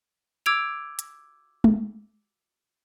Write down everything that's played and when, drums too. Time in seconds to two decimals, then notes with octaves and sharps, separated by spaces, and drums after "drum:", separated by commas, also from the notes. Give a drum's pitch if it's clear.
0.46 D6 E6 G#6 D7 F7
0.99 drum: hi-hat
1.64 drum: tom G#3